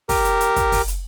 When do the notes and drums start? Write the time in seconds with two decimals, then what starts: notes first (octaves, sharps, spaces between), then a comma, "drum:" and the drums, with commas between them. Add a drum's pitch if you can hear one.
0.09 G4 A#4, drum: kick, open hi-hat
0.25 drum: hi-hat
0.41 drum: hi-hat
0.56 drum: kick, hi-hat
0.72 drum: kick, open hi-hat
0.88 drum: hi-hat